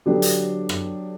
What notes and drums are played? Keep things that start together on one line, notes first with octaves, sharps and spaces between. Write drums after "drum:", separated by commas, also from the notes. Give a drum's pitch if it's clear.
D3 F#3 B3 D4 G4
drum: hi-hat
drum: rim click